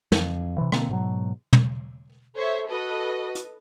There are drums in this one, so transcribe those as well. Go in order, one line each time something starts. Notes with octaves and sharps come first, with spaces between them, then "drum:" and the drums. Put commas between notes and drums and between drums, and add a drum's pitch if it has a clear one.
F2, drum: snare
C3 E3
B2 D3 A#3 C4, drum: rim click
G#2 B2 F#3
drum: tom
A4 C5 C#5 E5
F#4 A4 B4 D#5
drum: hi-hat